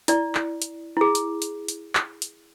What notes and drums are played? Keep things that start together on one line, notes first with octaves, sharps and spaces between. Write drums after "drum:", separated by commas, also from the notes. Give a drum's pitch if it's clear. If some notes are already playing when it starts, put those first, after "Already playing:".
E4 D5, drum: hi-hat
drum: clap
drum: hi-hat
E4 G#4
drum: hi-hat
drum: hi-hat
drum: hi-hat
drum: clap
drum: hi-hat